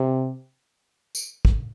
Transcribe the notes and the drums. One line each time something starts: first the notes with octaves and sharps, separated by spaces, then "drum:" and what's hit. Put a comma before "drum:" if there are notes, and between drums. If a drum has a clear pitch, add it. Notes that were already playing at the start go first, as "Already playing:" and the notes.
Already playing: C3
drum: tambourine
drum: kick